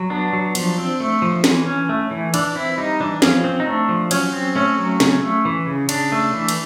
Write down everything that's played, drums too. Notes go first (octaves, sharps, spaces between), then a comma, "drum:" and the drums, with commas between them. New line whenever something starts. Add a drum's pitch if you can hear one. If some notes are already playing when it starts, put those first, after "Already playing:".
Already playing: F#3
B3 D4
F#3
F3, drum: cymbal
C4
A3
F3
E3, drum: snare
C#4
A3
E3
E3 D4, drum: cymbal
C4 E4
G3 D#4
E3 D4
F3 C#4, drum: snare
C4
D#4
A3 D4
F3
F#3 C#4, drum: cymbal
C4
A3 C#4
F#3
C#3, drum: snare
A3
E3
C#3
C#3 D4, drum: cymbal
A3
E3
drum: cymbal